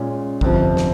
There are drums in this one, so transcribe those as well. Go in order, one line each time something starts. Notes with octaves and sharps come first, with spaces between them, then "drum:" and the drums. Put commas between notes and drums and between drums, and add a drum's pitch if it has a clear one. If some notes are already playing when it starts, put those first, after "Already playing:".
Already playing: A#2 G#3 C#4
G1 F2 C3 F3, drum: kick
drum: snare